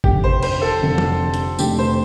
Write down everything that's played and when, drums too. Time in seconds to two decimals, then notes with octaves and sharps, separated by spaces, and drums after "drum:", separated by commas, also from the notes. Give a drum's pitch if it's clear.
0.04 F1 F2 D3 G4, drum: kick G1
0.24 C5
0.43 C5, drum: cymbal
0.62 A4
0.81 F1 F2 D3
0.98 drum: tom
1.34 drum: hi-hat
1.59 F1 F2 C3 A3 D4 G4, drum: tambourine
1.79 C5